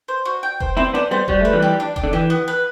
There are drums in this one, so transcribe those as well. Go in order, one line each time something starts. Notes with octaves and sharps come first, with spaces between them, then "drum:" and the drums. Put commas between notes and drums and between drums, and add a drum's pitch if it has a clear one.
C5
F#4
G5
C5, drum: kick F1
C4 E4 C5
B3 D4 C5
G3 B3 C5
G3 F#4, drum: kick F1
A3 B4
E3 G3
G4
D4
D4, drum: kick F1
D3
E3 G4
B3
B4